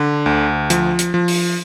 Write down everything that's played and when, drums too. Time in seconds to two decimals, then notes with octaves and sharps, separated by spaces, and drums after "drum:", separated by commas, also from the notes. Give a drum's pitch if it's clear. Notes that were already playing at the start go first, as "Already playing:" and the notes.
Already playing: D3
0.26 D2
0.70 F3, drum: hi-hat
0.99 drum: hi-hat
1.14 F3
1.28 drum: open hi-hat